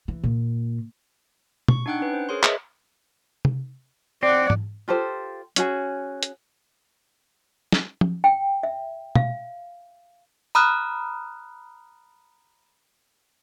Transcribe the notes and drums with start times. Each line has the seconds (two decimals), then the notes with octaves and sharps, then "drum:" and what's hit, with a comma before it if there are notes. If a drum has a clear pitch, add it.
0.08 E3
0.24 A#2
1.68 C#6, drum: tom
1.86 D4 D#4 F#5 G5 F#6
2.00 C#4 B4
2.13 C5
2.29 G#4 A#4 C#5 C6
2.43 G#4 B4 C#5 D#5 E5, drum: clap
3.45 drum: tom C3
4.23 C4 D5 F#5
4.50 drum: tom G#2
4.88 F4 G4 A4 C5
5.56 C#4 F#4 G#4, drum: hi-hat
6.23 drum: hi-hat
7.72 drum: snare
8.01 drum: tom F3
8.24 G5
8.63 E5
9.16 F5, drum: tom
10.55 A#5 B5 D#6 F6 F#6